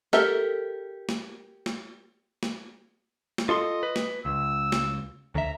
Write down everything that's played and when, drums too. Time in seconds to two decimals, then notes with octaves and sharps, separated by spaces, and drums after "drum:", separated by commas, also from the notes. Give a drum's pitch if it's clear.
0.13 G4 A4 A#4 E5, drum: snare
1.09 drum: snare
1.66 drum: snare
2.43 drum: snare
3.38 drum: snare
3.49 F4 A4 D#5 C6
3.83 B4
3.96 drum: snare
4.25 C#2 E6
4.72 drum: snare
5.35 D2 E5 A#5